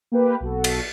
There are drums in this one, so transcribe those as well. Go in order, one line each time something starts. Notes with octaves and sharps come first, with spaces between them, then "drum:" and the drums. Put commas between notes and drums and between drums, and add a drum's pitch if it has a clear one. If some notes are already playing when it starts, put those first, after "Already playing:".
A#3 G4 B4
B1 F#4 A4
drum: cymbal